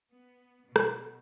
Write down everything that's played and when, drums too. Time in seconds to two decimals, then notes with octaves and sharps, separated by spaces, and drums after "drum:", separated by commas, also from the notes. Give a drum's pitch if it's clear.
0.11 B3
0.67 B2
0.76 drum: rim click